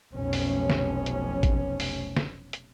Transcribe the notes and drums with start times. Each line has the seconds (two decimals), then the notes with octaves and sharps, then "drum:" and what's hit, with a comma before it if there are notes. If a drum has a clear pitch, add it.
0.15 F1 B1 C#4
0.33 drum: open hi-hat
0.70 drum: snare
1.06 drum: hi-hat
1.43 drum: kick A1, hi-hat
1.80 drum: open hi-hat
2.17 drum: snare
2.53 drum: hi-hat